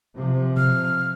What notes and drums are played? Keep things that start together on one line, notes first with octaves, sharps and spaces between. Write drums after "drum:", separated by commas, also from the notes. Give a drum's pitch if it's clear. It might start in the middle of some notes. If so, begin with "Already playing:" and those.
C3 F3
F6, drum: tom B2